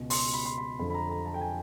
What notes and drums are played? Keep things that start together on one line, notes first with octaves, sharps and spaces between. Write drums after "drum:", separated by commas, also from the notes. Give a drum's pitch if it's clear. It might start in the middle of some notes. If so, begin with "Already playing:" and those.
Already playing: C#2 B2
C6, drum: open hi-hat
B5
C6
B5
F2 D3 B5
B5
A#5
A#5
A5
G5
G#5